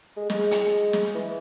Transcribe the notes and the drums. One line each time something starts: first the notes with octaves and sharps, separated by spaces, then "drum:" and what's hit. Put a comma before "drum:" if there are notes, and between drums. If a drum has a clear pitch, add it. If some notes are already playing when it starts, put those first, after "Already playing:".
G#3
G#3, drum: snare
drum: hi-hat
drum: snare
E3